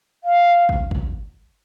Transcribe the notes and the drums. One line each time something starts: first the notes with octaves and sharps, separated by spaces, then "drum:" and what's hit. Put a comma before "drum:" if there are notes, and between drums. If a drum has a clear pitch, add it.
F5
drum: kick
drum: kick